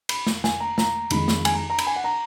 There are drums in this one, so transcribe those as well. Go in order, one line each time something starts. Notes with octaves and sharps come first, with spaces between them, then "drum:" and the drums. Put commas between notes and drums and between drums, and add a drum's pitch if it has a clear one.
B5, drum: cymbal
drum: snare
G#5, drum: snare
A#5
A#5, drum: snare
F2 D#3 G#3 B5, drum: cymbal
drum: snare
G#5, drum: cymbal
A#5
A#5
B5, drum: cymbal
G#5
F#5
A#5